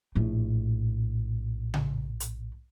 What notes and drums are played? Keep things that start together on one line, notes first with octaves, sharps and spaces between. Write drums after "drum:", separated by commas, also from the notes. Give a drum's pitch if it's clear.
A#1 A2
drum: tom C#3
drum: hi-hat